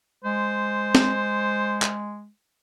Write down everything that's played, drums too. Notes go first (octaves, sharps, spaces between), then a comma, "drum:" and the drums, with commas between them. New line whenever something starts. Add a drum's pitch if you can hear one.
G#3 C5
drum: snare C4
drum: clap